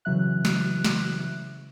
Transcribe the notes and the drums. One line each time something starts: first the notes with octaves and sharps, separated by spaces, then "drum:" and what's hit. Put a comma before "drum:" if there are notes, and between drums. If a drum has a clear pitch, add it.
C#3 E3 F#3 E5 F#6
drum: snare
drum: snare